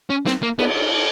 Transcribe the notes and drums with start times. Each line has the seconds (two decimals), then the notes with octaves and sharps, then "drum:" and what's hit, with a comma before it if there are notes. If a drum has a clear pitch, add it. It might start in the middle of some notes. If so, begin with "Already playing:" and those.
0.10 C#4
0.26 C4, drum: snare
0.43 A#3
0.59 B3, drum: cymbal